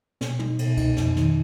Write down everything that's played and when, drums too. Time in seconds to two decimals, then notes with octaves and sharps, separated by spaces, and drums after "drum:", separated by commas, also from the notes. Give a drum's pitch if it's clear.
0.21 B2, drum: snare
0.39 D#4, drum: tom
0.59 B2, drum: cymbal
0.77 D#4, drum: kick C2, cymbal
0.97 F2, drum: snare
1.17 D#3, drum: snare